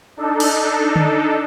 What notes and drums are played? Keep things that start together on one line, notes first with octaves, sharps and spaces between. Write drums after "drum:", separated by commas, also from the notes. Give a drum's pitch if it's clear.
D4 D#4 A4
drum: cymbal
drum: tom D3